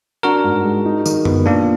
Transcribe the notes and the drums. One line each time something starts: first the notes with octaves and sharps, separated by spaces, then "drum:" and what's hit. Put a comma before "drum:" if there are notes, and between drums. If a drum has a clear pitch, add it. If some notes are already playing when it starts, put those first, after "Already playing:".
D4 F#4 A#4
G#2
G#3
D#4
D#3, drum: tambourine
B3, drum: tom F#2
A#2 A#3 D4